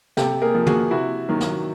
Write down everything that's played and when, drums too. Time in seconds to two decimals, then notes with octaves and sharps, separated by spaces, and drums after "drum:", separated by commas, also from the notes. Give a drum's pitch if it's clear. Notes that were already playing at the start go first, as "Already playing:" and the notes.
0.17 C3 G4 A4, drum: snare
0.42 G#4 A#4
0.55 F3
0.67 F#4 G#4, drum: tom
0.91 C3 E4 F#4
1.29 D#3 F#3
1.40 drum: snare